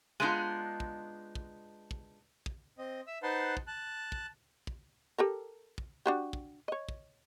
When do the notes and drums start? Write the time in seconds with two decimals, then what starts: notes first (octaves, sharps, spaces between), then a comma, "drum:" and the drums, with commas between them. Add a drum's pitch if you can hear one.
0.20 G#3 A3 B3 D4 D#4 F4
0.80 drum: kick
1.35 drum: kick
1.91 drum: kick
2.46 drum: kick
2.78 C4 D#5
3.07 E5 E6
3.23 D#4 B4 C5 F#5 A5 C6
3.57 drum: kick
3.67 A5 F#6
4.12 drum: kick
4.67 drum: kick
5.18 G4 A4 A#4
5.78 drum: kick
6.06 D4 F#4 G4
6.33 drum: kick
6.68 C#5 D#5
6.89 drum: kick